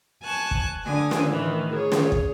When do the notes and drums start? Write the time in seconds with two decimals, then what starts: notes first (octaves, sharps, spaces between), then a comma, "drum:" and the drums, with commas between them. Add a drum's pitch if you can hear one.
0.23 G#5 A5 C#6 F#6
0.51 drum: kick
0.84 D3 G#5 D#6
1.11 drum: snare
1.28 A2 D#3 E3
1.72 G#4 C#5
1.92 drum: snare
2.12 drum: kick